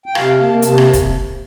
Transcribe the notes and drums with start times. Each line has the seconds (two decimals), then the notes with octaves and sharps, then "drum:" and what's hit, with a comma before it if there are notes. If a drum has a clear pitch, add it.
0.06 G5
0.15 C3 F5, drum: rim click
0.39 A#3 A5
0.62 C3 A5, drum: hi-hat
0.78 drum: rim click
0.93 drum: kick, hi-hat